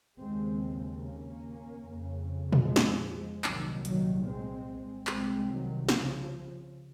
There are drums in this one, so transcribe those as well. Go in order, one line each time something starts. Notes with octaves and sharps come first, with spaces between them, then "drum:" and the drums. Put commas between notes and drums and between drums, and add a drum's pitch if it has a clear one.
D#2 C#3 G#3 C4
A#3 C#4
F2 C#3
drum: tom A#2
F3 G#3
drum: snare
C2 A#2 D#3 F#3, drum: clap
D#3 F#3, drum: hi-hat
G#3 C4
C2 C3 G#3 C4, drum: clap
D#3 F#3
C#3 F3, drum: snare